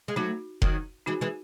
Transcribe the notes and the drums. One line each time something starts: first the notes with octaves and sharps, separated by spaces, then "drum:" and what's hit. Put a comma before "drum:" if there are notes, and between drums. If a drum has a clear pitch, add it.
G#3
F#3 A3 D#4 F#4
D#3 F#3, drum: kick F1
E3 G#3 D#4 F#4
E3 G#3